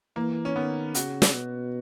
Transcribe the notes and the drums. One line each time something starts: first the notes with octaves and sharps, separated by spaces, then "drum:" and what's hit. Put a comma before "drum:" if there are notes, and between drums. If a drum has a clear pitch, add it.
E3 A#3
C#4
D#3 B3
C#3 F#4, drum: hi-hat
drum: snare
B2